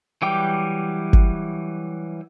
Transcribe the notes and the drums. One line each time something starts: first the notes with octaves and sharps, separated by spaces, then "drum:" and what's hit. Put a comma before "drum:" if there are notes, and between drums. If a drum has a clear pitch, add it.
E3 F#3 G3 G5 D6
drum: kick G1